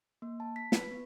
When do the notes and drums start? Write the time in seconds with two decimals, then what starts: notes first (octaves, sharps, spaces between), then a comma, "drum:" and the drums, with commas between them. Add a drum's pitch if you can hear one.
0.22 A#3
0.40 A5
0.56 B6
0.72 B4, drum: snare
0.91 B3